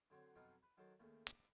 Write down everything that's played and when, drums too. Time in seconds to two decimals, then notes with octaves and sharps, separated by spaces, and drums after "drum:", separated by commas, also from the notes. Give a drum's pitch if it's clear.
0.10 D3 F#3 C4 C5 C#5
0.35 F2 B2 F#3 D#4 F4 G5
0.63 B4
0.77 D#3 F#3 A4 C5 A5
1.00 D#2 C#3 A3 G5
1.27 B5, drum: hi-hat